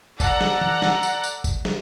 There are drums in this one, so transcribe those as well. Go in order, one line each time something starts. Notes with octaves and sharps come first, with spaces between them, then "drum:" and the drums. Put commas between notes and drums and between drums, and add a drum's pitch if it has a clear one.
A4 D5 F#5 A#5, drum: kick, tambourine
drum: snare
drum: tom E3
drum: snare
drum: tambourine
drum: tambourine
drum: kick, tambourine
drum: snare